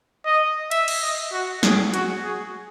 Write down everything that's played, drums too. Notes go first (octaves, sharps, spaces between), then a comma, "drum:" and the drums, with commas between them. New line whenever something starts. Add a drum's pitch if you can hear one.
D#5
E5, drum: cymbal
drum: cymbal
D#5
F#4
G#4, drum: snare
F#4, drum: hi-hat
G#4